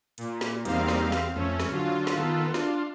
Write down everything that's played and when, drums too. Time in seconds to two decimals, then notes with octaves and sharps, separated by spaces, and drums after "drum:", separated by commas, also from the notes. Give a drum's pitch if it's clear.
0.18 A#2, drum: hi-hat
0.41 drum: snare
0.65 E2 G3 A#3 C4 D#4 F5, drum: hi-hat
0.88 drum: snare
1.12 drum: snare
1.36 F2 A3 C#4
1.60 drum: snare
1.72 D3 F#3 F4
2.07 drum: snare
2.18 D#3 B3 A4
2.54 D4 F4, drum: snare